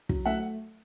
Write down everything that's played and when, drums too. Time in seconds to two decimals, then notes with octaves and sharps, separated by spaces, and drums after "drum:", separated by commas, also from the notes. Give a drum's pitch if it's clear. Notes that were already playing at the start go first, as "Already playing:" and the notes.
0.09 F#3, drum: kick
0.25 A3 E5 F#5